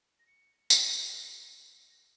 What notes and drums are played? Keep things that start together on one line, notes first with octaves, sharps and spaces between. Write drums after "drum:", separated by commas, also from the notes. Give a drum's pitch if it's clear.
A#6
C#7
drum: tambourine
G#6
A#6
A#6